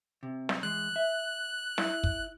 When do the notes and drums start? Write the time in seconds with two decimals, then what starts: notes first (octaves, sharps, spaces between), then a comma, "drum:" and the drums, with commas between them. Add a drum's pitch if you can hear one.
0.23 C3
0.49 drum: snare
0.63 E3 G#3 F#6
0.96 E5
1.78 E4, drum: snare
2.04 drum: kick